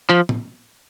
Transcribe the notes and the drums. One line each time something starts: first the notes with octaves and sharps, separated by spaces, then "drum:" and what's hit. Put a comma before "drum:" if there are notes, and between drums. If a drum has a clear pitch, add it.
F3
drum: tom A2